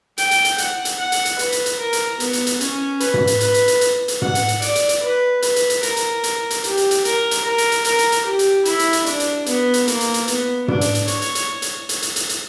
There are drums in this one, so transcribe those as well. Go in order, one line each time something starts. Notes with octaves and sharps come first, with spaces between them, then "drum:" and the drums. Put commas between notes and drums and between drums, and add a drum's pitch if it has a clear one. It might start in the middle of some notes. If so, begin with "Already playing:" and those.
G5, drum: hi-hat
drum: hi-hat
drum: hi-hat
F#5, drum: hi-hat
drum: hi-hat
F#5
drum: hi-hat
drum: hi-hat
B4, drum: hi-hat
drum: hi-hat
drum: hi-hat
A#4
drum: hi-hat
B3, drum: hi-hat
drum: hi-hat
drum: hi-hat
C#4, drum: hi-hat
B4, drum: hi-hat
drum: tom
drum: hi-hat
B4, drum: hi-hat
drum: hi-hat
drum: hi-hat
drum: hi-hat
drum: hi-hat
F#5, drum: tom
drum: hi-hat
drum: hi-hat
D5, drum: hi-hat
drum: hi-hat
drum: hi-hat
B4
B4, drum: hi-hat
drum: hi-hat
drum: hi-hat
A#4, drum: hi-hat
drum: hi-hat
drum: hi-hat
drum: hi-hat
G4, drum: hi-hat
drum: hi-hat
drum: hi-hat
A#4, drum: hi-hat
drum: hi-hat
A#4
drum: hi-hat
drum: hi-hat
A#4, drum: hi-hat
drum: hi-hat
drum: hi-hat
G4
drum: hi-hat
E4, drum: hi-hat
drum: hi-hat
drum: hi-hat
D4, drum: hi-hat
drum: hi-hat
B3, drum: hi-hat
drum: hi-hat
A#3, drum: hi-hat
drum: hi-hat
drum: hi-hat
B3, drum: hi-hat
D4, drum: tom
drum: hi-hat
drum: hi-hat
C#5, drum: hi-hat
drum: hi-hat
drum: hi-hat
drum: hi-hat
drum: hi-hat
drum: hi-hat
drum: hi-hat
drum: hi-hat